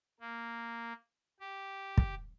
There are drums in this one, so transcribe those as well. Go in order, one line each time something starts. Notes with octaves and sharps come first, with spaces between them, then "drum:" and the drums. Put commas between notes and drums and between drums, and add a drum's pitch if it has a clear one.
A#3
G4
drum: kick